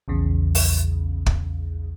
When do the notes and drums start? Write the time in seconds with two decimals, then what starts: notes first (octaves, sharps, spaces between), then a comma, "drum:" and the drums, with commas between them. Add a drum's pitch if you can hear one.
0.08 A#1 E2 C#3
0.55 drum: open hi-hat
1.26 drum: kick